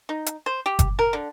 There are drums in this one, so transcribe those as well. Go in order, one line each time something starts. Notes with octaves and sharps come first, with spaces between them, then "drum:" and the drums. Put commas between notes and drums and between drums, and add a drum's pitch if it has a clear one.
D#4
drum: hi-hat
C5
G4
drum: kick F#1, hi-hat
A#4
D3